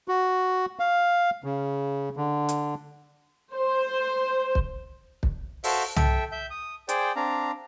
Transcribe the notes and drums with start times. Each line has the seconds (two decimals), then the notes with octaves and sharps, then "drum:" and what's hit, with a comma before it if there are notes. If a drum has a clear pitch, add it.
0.08 F#4
0.79 F5
1.44 C#3
2.17 D3
2.49 drum: hi-hat
3.53 C5
4.55 drum: kick
5.23 drum: kick
5.64 F#4 A4 C5 E5 F5, drum: open hi-hat
5.96 A4 E5 G5, drum: tom
6.32 E5 G6
6.50 D#6
6.89 G#4 C5 D5 G5, drum: hi-hat
7.16 C4 D4 F5 A#5